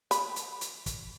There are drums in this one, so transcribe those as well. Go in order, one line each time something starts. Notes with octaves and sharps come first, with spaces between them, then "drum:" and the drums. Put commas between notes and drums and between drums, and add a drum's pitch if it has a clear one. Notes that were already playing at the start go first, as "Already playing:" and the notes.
B5, drum: hi-hat
drum: hi-hat
drum: hi-hat
drum: kick, hi-hat